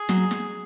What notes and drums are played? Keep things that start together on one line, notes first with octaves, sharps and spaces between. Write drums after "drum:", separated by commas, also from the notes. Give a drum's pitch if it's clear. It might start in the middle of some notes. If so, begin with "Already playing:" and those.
Already playing: G#4
F#3, drum: snare
drum: snare